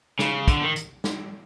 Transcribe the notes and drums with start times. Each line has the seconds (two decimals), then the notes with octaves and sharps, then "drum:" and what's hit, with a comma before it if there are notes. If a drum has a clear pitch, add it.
0.19 C#3, drum: snare
0.48 D3, drum: kick, hi-hat
0.62 D#3
0.76 drum: hi-hat
1.04 drum: snare